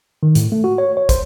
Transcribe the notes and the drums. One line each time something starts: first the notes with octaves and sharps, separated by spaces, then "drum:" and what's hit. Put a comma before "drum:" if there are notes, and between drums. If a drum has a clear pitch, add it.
D#3
A2, drum: hi-hat
A3
F#4
C#5
C#5
C5, drum: kick, hi-hat